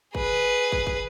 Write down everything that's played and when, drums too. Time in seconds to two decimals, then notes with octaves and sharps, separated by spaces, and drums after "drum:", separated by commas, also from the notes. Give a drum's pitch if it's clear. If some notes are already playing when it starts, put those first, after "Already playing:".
0.15 G#4 B4, drum: kick
0.72 drum: kick
0.87 drum: kick